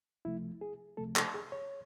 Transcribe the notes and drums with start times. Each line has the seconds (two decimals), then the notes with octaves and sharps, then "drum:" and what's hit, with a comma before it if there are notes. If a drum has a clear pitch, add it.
0.25 C#2 C3 F3 A3 E4
0.61 G#4
0.97 C#2 C3 F3 A3 A4
1.16 A4, drum: clap
1.34 G#4
1.52 C#5